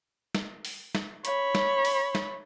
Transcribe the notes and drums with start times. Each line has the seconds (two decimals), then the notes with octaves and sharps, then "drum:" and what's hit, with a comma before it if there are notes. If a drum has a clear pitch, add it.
0.35 drum: snare
0.65 drum: open hi-hat
0.95 drum: snare
1.25 C#5 B5, drum: hi-hat
1.55 drum: snare
1.85 drum: open hi-hat
2.15 drum: snare